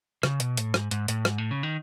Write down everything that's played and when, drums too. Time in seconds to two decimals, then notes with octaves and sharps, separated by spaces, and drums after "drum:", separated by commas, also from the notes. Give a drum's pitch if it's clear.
0.23 C#3, drum: rim click
0.40 B2, drum: hi-hat
0.57 A2, drum: hi-hat
0.74 G#2, drum: rim click
0.91 G#2, drum: hi-hat
1.08 A2, drum: hi-hat
1.25 G#2, drum: rim click
1.38 A2
1.51 C#3
1.63 D#3